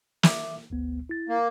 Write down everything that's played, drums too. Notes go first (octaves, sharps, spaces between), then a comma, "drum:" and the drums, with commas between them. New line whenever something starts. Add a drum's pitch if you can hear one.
E5 D6, drum: snare
G#1 D2 B3
E4 A6
A#3